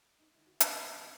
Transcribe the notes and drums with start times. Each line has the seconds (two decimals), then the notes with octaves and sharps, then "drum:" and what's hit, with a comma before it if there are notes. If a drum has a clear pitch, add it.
0.19 D#4
0.33 G1 E4
0.46 F#4
0.60 G4, drum: hi-hat
0.75 A4
0.84 F#2 D#3 G4
0.97 C4